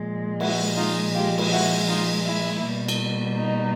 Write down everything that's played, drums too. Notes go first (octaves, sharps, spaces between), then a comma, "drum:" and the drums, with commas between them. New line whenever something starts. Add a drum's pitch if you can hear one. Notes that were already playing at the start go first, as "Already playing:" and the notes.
Already playing: A#2 F3 G#3
E4 F#4, drum: cymbal
D#4 F4
F4 G4
drum: cymbal
E4 F#4
D#4 F4
E4
B2 G3 A#3
drum: cymbal
D#4